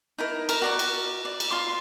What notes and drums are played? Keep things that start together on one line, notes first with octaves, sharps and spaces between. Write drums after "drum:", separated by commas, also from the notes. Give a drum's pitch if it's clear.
D#4 E4 A#4
A#4 A#5, drum: cymbal
F#4 D5 A#5
drum: cymbal
D5
drum: cymbal
F4 C6 D6